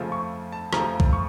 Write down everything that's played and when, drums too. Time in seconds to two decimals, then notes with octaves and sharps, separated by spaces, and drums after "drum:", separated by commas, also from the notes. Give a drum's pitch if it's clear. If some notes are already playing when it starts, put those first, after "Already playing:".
Already playing: F2 C#3 F3 A3
0.12 C#6
0.52 A5
0.73 F2 C#3 F3 A3 A#5, drum: rim click
1.00 drum: kick
1.13 C#6